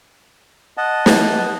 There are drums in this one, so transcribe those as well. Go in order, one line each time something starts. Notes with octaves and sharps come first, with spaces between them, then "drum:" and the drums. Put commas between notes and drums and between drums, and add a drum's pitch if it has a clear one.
D#5 F#5 A5
drum: snare